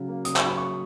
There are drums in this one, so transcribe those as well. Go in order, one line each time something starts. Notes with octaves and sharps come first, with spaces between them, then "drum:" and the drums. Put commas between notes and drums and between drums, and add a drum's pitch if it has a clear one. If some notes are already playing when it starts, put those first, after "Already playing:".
Already playing: C#3 F#3
A#3
C#3 D#6, drum: hi-hat
C#6, drum: clap
F#3 B5
C#6
A#3